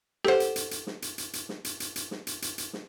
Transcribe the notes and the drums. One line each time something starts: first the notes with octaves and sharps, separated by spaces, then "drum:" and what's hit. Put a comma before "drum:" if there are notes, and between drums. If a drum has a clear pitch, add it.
G4 A4 C5 F#5, drum: snare
drum: hi-hat
drum: hi-hat
drum: hi-hat
drum: snare
drum: hi-hat
drum: hi-hat
drum: hi-hat
drum: snare
drum: hi-hat
drum: hi-hat
drum: hi-hat
drum: snare
drum: hi-hat
drum: hi-hat
drum: hi-hat
drum: snare